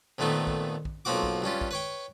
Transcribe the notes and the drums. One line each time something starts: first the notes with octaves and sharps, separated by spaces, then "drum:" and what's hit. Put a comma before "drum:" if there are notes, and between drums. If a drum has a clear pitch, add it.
F2 A#2 D#3 A3 B3 D#4
drum: kick
drum: kick
B1 F3 A#3 C4 F#4 D6
drum: kick
G2 G3 C#4 F4
drum: kick
B4 C#5 G5